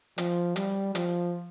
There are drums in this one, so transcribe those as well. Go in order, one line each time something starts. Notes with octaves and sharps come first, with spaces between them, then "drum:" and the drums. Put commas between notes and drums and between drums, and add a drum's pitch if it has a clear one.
F3, drum: hi-hat
G3, drum: hi-hat
F3, drum: hi-hat